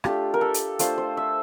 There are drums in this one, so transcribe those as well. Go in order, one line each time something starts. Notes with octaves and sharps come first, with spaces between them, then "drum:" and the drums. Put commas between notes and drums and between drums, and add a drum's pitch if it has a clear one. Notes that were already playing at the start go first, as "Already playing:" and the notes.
A3 D4 F4 G4, drum: rim click
A#4
A4
drum: hi-hat
A3 D4 F4 C5, drum: hi-hat
C5
E5